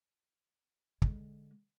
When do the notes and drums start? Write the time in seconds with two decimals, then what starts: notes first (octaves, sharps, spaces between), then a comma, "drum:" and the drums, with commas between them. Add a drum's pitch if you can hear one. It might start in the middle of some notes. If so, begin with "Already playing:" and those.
1.02 D3 G#3, drum: kick